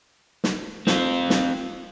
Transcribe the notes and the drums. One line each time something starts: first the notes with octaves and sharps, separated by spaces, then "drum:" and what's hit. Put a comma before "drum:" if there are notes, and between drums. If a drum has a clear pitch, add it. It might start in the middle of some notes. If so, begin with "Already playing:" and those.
drum: snare
C4 F4, drum: snare
drum: snare